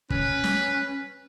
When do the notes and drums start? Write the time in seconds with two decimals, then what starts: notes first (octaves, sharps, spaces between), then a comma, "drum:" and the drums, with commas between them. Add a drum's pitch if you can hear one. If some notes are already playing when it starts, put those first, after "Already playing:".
0.10 C#4 B4, drum: kick
0.44 drum: snare